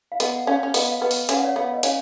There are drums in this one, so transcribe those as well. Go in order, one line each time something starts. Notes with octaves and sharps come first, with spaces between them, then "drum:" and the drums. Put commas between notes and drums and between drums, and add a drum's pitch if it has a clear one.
F5
B3 D#5 F#5, drum: hi-hat
C#4 C#5 F5
C#4
B3 D#5, drum: open hi-hat
F5
B3 B4 D#5
drum: open hi-hat
C#4 F5, drum: hi-hat
F#5
C#5 F5
B3 C#5 F5
D#5
C#4 C#5 F5, drum: hi-hat